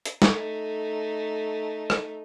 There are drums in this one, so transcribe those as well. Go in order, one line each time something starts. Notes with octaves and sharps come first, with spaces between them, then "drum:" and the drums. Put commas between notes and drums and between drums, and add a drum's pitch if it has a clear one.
drum: hi-hat
A3 D#4, drum: snare
drum: rim click